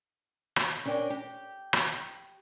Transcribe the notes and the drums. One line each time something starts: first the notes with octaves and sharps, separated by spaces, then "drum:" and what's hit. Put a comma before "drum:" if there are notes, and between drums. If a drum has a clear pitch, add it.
drum: rim click
C#4 D4 E4 A#4 G5
G4
drum: rim click